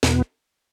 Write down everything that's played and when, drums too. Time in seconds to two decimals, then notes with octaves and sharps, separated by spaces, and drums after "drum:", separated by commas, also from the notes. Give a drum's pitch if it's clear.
0.03 E2 B2 B3, drum: snare